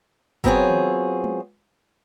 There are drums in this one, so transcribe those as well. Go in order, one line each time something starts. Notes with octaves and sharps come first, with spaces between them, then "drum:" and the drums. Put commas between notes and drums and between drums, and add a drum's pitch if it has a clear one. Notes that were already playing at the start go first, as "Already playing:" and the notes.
F#3 B3 C4 F4 G#4 C#5, drum: kick
drum: tom D#3
drum: tom G#3